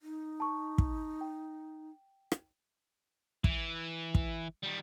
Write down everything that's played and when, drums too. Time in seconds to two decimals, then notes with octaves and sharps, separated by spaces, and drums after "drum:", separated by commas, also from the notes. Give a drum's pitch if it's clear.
0.02 D#4
0.40 A5 C#6
0.78 drum: kick
1.21 G5
2.32 drum: rim click
3.44 E3, drum: kick
4.15 drum: kick
4.63 D#3 G3